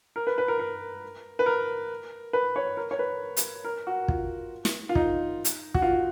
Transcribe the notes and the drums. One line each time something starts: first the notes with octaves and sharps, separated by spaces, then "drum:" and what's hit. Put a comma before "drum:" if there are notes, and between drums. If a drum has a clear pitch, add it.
A#4
B4
B4
A#4
A#4
B4
A#4
B4
C#5
A#4
C#5
B4
drum: hi-hat
A#4
F#4
F4, drum: kick
drum: snare
F4
D#4, drum: kick
drum: hi-hat
F#4, drum: kick
F4